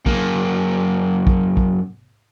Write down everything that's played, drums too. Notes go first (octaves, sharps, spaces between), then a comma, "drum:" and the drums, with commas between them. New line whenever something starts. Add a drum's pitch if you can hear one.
F#2 A#3, drum: kick
drum: kick
drum: kick